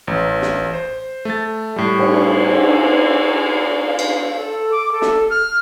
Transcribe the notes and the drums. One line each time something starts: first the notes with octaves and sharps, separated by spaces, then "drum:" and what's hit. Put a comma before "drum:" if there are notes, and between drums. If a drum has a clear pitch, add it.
A1
drum: snare
C5
A3 A6
A2 G3
drum: cymbal
drum: cymbal
F5
drum: cymbal
A4
D6
A4
drum: snare
F6